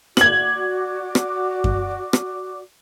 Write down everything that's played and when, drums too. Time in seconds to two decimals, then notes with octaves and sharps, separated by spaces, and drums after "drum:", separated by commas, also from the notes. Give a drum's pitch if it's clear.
0.17 F#4 D5 D6 G#6 F#7, drum: rim click
1.15 drum: rim click
1.64 drum: kick F#2
2.13 drum: rim click